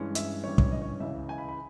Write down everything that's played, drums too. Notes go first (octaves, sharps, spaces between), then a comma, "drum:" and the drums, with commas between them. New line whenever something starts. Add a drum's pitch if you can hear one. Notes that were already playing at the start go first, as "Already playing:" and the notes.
Already playing: G2 E3 G#3 C#4
E5, drum: hi-hat
G2 E3 G3 C#4 C#5
C#5, drum: kick
D#5
C#5
C#2 C#3 E3 E5
G#5
B5
B5